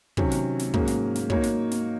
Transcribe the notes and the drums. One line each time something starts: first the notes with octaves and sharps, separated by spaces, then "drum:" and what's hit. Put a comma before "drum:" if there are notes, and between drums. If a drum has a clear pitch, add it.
C3 D#3 F#3 C#4, drum: kick
drum: snare
drum: snare
G#2 F#3 A#3 C#4, drum: kick
drum: snare
drum: snare
A#3 D#4 F#4 C#5, drum: kick
drum: snare
drum: snare